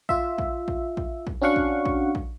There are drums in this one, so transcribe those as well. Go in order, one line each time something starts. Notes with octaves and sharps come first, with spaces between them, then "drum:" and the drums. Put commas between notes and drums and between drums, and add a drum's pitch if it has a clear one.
F4 E5, drum: kick A#1
drum: kick A#1
drum: kick A#1
drum: kick A#1
drum: kick A#1
C#4 D4 F#4 F5 F#5 C#6
drum: kick A#1
drum: kick A#1
drum: kick A#1